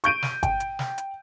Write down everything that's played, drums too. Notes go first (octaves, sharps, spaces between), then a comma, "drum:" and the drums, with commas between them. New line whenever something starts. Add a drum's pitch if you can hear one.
C#6 G6 D7 D#7, drum: hi-hat
drum: snare
G5, drum: kick G1, hi-hat
drum: hi-hat
drum: snare
drum: hi-hat